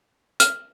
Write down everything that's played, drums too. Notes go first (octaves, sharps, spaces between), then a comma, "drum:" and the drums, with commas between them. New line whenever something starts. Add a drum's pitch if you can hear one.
F6, drum: hi-hat